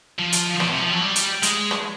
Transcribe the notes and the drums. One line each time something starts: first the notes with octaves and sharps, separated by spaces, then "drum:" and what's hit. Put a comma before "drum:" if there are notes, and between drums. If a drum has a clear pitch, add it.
F3
drum: hi-hat
B2, drum: rim click
C3
F3
F#3
G3
drum: hi-hat
G#3, drum: hi-hat
drum: rim click